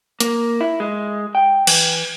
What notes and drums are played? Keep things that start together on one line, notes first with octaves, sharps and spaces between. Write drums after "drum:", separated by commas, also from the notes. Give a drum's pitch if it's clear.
A#3, drum: hi-hat
E4
G#3
G5
E3, drum: cymbal